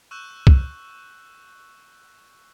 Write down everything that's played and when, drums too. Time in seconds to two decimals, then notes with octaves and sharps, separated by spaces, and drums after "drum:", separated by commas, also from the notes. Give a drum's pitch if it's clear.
0.11 C#6 E6 F#6 G6 E7
0.47 drum: kick C2